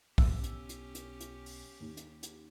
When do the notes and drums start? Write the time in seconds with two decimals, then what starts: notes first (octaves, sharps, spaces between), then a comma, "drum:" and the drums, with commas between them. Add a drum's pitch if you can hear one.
0.18 B1 C#4 G4 E6, drum: kick, open hi-hat
0.44 drum: hi-hat
0.69 drum: hi-hat
0.95 drum: hi-hat
1.20 drum: hi-hat
1.46 drum: open hi-hat
1.80 D#2
1.97 drum: hi-hat
2.23 drum: hi-hat